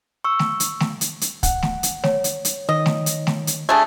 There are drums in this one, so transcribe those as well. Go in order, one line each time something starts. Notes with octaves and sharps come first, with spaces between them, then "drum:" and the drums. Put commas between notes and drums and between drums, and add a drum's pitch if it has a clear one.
C#6 E6
drum: snare A3
drum: hi-hat
drum: snare A3
drum: hi-hat
drum: hi-hat
F#5, drum: kick, hi-hat
drum: snare A3
drum: hi-hat
C#5, drum: snare A3
drum: hi-hat
drum: hi-hat
D#3 D#5
drum: snare A3
drum: hi-hat
drum: snare A3
drum: hi-hat
A3 D4 G#4 G#6